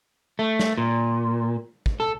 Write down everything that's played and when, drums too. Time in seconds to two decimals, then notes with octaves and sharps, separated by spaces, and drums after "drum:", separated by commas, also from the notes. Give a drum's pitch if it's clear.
0.39 A3
0.59 drum: snare
0.78 A#2
1.86 drum: kick
2.00 A4